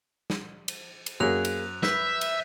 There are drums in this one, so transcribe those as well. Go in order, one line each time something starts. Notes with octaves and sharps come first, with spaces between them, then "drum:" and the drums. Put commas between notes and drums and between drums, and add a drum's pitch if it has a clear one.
drum: snare
drum: cymbal
drum: cymbal
F#2 A#3 G#4 F#6 F7
drum: cymbal
B4 E5 G6 B6, drum: snare
drum: cymbal